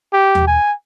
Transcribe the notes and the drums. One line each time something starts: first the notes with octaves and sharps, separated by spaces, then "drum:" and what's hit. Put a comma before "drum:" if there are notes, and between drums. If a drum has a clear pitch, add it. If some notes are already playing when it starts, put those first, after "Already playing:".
G4
drum: tom D#2
G#5